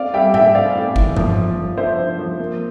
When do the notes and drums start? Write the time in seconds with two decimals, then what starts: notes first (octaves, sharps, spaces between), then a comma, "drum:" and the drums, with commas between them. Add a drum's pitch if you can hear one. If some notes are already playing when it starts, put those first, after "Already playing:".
Already playing: C4 D5 F5
0.13 G3 E5 G5
0.34 G3 E5 G5, drum: tom G#2
0.55 C4 D5 F5
0.75 A2
0.96 E3, drum: kick G1
1.16 F3, drum: tom G2
1.37 F3
1.57 F3
1.77 D4 C5 E5
1.98 F3
2.19 F3
2.39 A#3